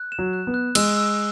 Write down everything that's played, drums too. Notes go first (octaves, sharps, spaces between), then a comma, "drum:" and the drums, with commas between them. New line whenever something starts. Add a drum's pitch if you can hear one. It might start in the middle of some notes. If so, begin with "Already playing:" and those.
Already playing: F#6
E7
F#3
F#6
B3
F#6
G#3 E6, drum: cymbal
E6